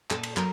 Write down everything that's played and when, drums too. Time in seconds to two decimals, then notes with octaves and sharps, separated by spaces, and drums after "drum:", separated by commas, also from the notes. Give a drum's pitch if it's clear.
0.10 A#2 A4, drum: clap
0.23 drum: cymbal
0.37 F#3 A#4, drum: clap